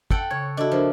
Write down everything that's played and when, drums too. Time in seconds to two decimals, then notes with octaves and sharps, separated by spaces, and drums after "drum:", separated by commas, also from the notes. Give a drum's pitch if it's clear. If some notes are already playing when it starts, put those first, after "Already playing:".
0.11 A4 F#5 G5, drum: kick
0.31 C#3 C#5 G#6
0.57 D4 E4 F#4 A4 D#5
0.72 F3 D4 A#4